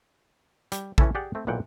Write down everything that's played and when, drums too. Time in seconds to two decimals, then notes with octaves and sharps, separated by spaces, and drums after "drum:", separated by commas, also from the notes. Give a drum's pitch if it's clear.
0.72 G3, drum: hi-hat
0.98 E3 C#4 E4 A4, drum: kick A#1
1.15 G4 G#4 D5 F#5 G5
1.35 A3 C4
1.47 B1 A#2 E3 F#5 G5